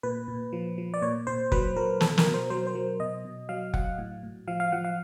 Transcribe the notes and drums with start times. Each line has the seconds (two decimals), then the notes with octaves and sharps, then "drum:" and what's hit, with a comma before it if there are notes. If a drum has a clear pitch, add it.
0.03 A#2 B4
0.28 A#2
0.53 F3
0.78 F3
0.94 D5
1.02 A#2 C#5
1.27 A#2 C5
1.52 F#3 B4, drum: kick F1
1.76 F#3 A#4
2.01 B2 A4, drum: snare
2.18 A#4, drum: snare
2.26 B2
2.34 C5
2.50 F#3 C5
2.67 C5
2.75 F#3
3.00 B2 D#5
3.25 B2
3.49 F#3 F5
3.74 F#3 F#5, drum: kick F1
3.98 A2
4.23 A2
4.47 F3 F5
4.60 F5
4.72 F3 F#5
4.85 F5